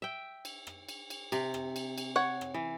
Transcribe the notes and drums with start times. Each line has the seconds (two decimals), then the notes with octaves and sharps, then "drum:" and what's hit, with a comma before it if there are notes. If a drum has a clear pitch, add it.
0.02 E5 G5
0.45 drum: cymbal
0.67 drum: rim click
0.89 drum: cymbal
1.10 drum: cymbal
1.32 C3, drum: cymbal
1.54 drum: rim click
1.76 drum: cymbal
1.98 drum: cymbal
2.16 C#5 F#5
2.41 drum: rim click
2.54 E3